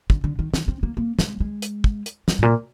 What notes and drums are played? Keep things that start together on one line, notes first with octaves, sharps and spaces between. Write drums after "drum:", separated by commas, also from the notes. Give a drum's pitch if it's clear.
D3, drum: kick
D3
D#3
D#3, drum: snare
C4
A#3
A#3
G#3, drum: snare
G#3
drum: hi-hat
drum: kick
drum: hi-hat
G3, drum: snare
G#2
A#2